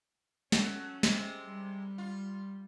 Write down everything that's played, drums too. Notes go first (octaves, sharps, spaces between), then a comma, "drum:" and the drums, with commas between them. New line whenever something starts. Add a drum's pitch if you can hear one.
F#3 A3 C#4, drum: snare
C3 G#3, drum: snare
G3
F4